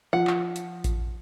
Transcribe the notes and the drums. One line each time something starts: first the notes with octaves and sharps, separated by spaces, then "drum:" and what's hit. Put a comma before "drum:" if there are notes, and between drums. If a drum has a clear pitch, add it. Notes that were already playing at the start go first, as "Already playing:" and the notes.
F3 F#5
drum: clap
drum: hi-hat
drum: kick A1, hi-hat